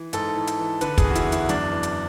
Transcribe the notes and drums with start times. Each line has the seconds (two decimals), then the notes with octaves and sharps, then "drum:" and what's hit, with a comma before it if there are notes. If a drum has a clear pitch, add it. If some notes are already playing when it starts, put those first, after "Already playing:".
Already playing: E3
0.13 G#2 A4, drum: hi-hat
0.36 E3
0.47 drum: hi-hat
0.59 E3
0.81 D3 B4, drum: hi-hat
0.98 G#4, drum: kick, hi-hat
1.04 E2
1.11 F#4
1.15 E4, drum: hi-hat
1.26 E2
1.32 E4, drum: hi-hat
1.49 F#2 D4, drum: hi-hat
1.72 E3
1.83 drum: hi-hat